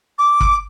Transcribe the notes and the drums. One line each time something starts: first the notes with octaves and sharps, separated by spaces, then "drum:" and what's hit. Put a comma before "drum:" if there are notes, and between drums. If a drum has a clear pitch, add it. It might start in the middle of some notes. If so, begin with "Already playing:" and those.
D6
drum: kick